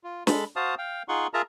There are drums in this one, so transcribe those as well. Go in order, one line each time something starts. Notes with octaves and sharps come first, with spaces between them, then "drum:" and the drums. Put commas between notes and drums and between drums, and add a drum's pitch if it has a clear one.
F4
G#3 A4 B5, drum: snare
F#4 C5 F5 A5 D#6
F5 G5
D#4 F4 G#4 F#5 C6 C#6
F4 G#4 A#4 E5 A5 A#5